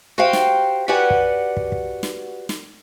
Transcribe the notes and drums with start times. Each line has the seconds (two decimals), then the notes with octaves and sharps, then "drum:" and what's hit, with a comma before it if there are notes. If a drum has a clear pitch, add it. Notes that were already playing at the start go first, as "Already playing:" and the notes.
0.18 F#4 G4 C5 F5 G5
0.33 drum: snare
0.88 F#4 G4 B4 D5 F#5 G#5
1.10 drum: kick
1.57 drum: kick
1.72 drum: kick
2.03 drum: snare
2.49 drum: snare